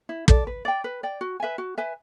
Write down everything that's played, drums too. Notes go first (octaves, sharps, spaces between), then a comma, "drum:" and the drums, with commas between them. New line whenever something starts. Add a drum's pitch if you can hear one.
E4
A4 D5, drum: kick
B4
D5 G5
B4
D5 G5
F#4
B4 E5 G#5
F#4
B4 E5 G#5